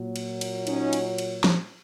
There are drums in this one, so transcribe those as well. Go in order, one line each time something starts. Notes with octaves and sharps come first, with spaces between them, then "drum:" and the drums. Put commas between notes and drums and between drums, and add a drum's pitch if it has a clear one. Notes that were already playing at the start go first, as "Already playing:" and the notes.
Already playing: A#2 F#3
drum: cymbal
drum: cymbal
C#4 D#4, drum: cymbal
drum: cymbal
drum: cymbal
drum: snare